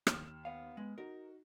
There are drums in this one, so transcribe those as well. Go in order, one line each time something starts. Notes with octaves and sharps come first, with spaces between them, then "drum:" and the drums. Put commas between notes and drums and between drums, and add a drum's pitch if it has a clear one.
D#2 F6 E7, drum: rim click
B3 F5
G#3 B3
D#4 F#4 A#4